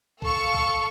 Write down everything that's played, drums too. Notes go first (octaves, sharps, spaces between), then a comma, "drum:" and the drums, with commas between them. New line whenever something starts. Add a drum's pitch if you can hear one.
A4 F5 C#6, drum: kick B1
drum: kick B1